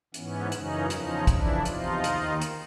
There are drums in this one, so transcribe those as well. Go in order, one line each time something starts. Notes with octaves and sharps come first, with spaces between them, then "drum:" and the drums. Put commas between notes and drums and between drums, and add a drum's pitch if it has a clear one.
G#2 E3 B3 C#4, drum: hi-hat
F#2 C#3 E3 C#4 D#4, drum: hi-hat
E2 C#3 F3 C#4 D#4, drum: hi-hat
F2 C#3 E3 D4 E4, drum: kick, hi-hat
E2 C3 F3 D#4 F4, drum: hi-hat
D#2 D#3, drum: hi-hat
drum: hi-hat